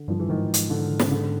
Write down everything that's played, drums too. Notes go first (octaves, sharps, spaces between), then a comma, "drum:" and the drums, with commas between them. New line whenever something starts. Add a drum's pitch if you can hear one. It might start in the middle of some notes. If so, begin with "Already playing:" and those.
Already playing: D3
G2 F3
E3
G#2 D#3
drum: hi-hat
D3
C#3, drum: snare
D3